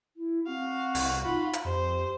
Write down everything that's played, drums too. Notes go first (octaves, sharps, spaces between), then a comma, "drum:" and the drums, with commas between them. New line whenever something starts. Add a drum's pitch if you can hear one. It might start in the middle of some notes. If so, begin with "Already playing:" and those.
E4
C4 F#4 F5
C2, drum: open hi-hat
D#4 F4 B5
drum: hi-hat
F2 G4 C5